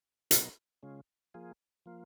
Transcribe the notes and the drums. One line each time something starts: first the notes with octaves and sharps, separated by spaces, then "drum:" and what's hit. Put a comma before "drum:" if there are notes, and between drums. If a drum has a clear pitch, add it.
B2 F#3 B3 D#4 A#4, drum: hi-hat
C#3 G#3 C#4 F4
F3 A#3 F4 G#4
F3 A#3 F4